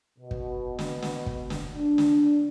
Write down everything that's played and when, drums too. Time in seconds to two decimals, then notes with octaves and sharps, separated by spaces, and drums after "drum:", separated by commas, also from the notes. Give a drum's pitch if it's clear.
0.18 B2
0.31 drum: kick
0.79 drum: snare
1.02 drum: snare
1.26 drum: kick
1.50 drum: snare
1.74 D4
1.98 drum: snare